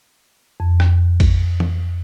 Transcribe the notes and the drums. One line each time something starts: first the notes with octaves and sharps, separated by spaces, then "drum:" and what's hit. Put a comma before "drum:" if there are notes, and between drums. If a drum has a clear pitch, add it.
F2
drum: rim click
drum: kick A1, cymbal
drum: tom E3